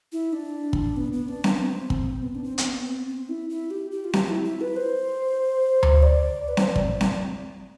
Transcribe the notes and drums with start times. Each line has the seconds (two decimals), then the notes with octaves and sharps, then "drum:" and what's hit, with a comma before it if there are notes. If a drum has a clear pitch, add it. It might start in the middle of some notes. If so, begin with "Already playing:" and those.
0.12 E4
0.33 D4
0.73 drum: kick
0.97 B3
1.13 B3
1.29 D4
1.44 B3, drum: snare C4
1.60 C4
1.90 drum: kick
2.23 B3
2.35 D4
2.44 C4
2.58 C4, drum: hi-hat
2.65 B3
2.86 C4
3.07 C4
3.29 E4
3.50 E4
3.71 G4
3.91 G4
4.04 F4
4.13 G4, drum: snare C4
4.29 E4
4.45 E4
4.61 B4
4.77 C5
5.83 drum: tom D2
6.03 D5
6.48 B4
6.57 C5, drum: snare C4
6.66 D5
6.76 drum: kick
7.01 drum: snare C4